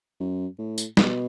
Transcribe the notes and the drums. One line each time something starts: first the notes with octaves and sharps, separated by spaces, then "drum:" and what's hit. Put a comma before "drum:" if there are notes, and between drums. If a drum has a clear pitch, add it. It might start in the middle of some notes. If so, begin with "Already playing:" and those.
F#2
A2
drum: tambourine
B2, drum: snare